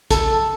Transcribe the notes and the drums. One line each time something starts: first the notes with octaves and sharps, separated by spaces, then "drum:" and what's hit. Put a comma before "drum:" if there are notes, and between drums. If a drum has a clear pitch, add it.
A4, drum: kick, hi-hat